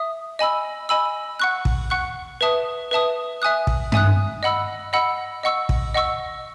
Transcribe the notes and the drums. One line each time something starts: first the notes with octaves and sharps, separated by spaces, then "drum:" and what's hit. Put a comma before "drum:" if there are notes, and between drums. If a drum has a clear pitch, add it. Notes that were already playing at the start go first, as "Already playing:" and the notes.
Already playing: E5 D#6
D#5 G#5 B5 E6
D#5 G#5 B5 E6
F#5 C#6 F#6
drum: kick
F#5 C#6 F#6
B4 E5 A5 D#6
B4 E5 A5 D#6
E5 G#5 D#6 F#6
drum: kick
E5 G#5 D#6 F#6, drum: tom G2
D#5 F#5 B5 E6
D#5 F#5 B5 E6
D#5 F#5 C#6 E6
drum: kick
D#5 F#5 C#6 E6